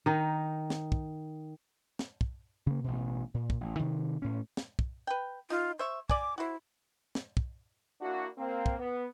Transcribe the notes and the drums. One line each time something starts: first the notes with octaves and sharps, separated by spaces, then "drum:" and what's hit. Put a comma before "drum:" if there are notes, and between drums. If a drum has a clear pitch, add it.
D#3 D#4
drum: snare
drum: kick
drum: snare
drum: kick
C#3 A#3
A1 B2
A#2
drum: kick
A1
C3 D#3
A2 C#4
drum: snare
drum: kick
B4 G5
D#4 F4
C5 E5 C#6
D5 G#5 D6, drum: kick
E4 F#4 C5
drum: snare
drum: kick
A#3 D4 E4 F#4
A#3 C4
drum: kick
B3